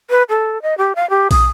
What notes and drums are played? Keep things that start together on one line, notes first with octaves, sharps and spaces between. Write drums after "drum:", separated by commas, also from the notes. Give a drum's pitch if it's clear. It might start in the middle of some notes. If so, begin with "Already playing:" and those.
B4
A4
D#5
G4
F5
G4
D#6, drum: kick, open hi-hat